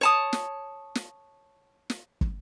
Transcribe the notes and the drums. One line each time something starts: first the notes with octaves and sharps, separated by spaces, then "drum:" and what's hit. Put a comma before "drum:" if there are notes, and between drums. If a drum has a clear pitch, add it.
C#5 A5 D#6
drum: snare
drum: snare
drum: snare
drum: kick